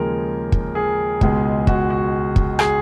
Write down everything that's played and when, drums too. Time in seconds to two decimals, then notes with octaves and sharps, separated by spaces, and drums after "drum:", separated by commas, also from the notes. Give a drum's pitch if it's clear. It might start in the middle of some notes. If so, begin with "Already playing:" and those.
Already playing: D#2 C#3 F3 G#3 A#4
0.52 drum: kick
0.75 G#4
1.21 C#2 B2 G#3, drum: kick
1.67 F#4, drum: kick
1.90 F#4
2.36 drum: kick
2.59 G#4, drum: rim click